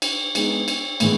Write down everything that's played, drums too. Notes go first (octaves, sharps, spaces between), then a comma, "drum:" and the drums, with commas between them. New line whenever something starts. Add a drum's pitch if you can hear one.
drum: cymbal
G#3 B3 D#4, drum: cymbal
drum: cymbal
A2 E3 G#3 B3, drum: cymbal